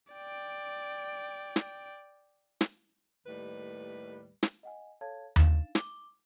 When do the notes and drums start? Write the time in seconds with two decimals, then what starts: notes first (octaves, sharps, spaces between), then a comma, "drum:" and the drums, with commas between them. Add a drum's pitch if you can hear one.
0.13 D5 G5
1.56 drum: snare
2.61 drum: snare
3.27 D#2 A2 G3 B4
4.43 drum: snare
4.63 D#5 F#5 G#5
5.01 A4 C#5 F5 A5 G#6
5.36 D4 D#4 F5 A6 E7, drum: tom D#2
5.75 D6 G7, drum: snare